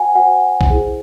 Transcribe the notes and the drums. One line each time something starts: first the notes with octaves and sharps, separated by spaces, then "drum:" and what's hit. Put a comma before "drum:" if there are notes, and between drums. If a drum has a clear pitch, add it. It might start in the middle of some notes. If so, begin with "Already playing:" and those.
Already playing: F#4 C5 F#5 G#5
F#4 C5 F#5
drum: kick A#1
E4 G#4 C5